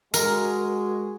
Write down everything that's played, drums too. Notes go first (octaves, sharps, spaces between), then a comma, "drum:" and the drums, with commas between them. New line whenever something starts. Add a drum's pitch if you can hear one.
G#3 F#4 A#4, drum: tambourine